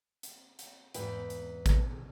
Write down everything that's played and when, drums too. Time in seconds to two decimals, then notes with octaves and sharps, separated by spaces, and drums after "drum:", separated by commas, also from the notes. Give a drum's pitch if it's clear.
0.23 drum: hi-hat
0.59 drum: hi-hat
0.94 E2 G#2 B4 G5, drum: hi-hat
1.30 drum: hi-hat
1.66 drum: kick A1, hi-hat